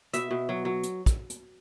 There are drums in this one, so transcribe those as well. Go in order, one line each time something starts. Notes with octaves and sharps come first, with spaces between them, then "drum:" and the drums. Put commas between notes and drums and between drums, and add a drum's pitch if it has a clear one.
B2 E5, drum: hi-hat
B2
F#3
F#3
drum: hi-hat
drum: kick, hi-hat
drum: hi-hat